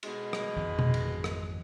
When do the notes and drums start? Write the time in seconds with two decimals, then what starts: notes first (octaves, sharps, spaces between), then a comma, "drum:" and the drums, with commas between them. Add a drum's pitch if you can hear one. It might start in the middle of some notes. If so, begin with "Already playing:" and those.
0.03 B2 G#3, drum: cymbal
0.33 drum: rim click
0.56 G#1 F2 E3
0.79 drum: tom B2
0.94 drum: cymbal
1.24 drum: rim click